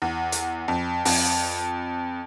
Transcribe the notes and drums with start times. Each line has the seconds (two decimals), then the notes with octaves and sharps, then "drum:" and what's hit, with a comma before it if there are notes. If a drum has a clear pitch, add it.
0.02 E2
0.32 drum: hi-hat
0.68 F2
1.05 F2, drum: open hi-hat